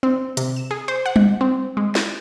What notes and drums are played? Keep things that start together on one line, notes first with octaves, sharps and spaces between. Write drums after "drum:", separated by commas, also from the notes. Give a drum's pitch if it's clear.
C4
C3, drum: hi-hat
E7
G#4
C5
F#5
drum: tom G3
C4
G#3
drum: snare